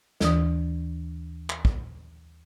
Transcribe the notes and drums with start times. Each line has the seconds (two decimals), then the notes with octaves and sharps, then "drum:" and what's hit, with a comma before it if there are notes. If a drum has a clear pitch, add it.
0.21 D#2 E3 D#6, drum: snare
1.50 drum: clap
1.65 drum: kick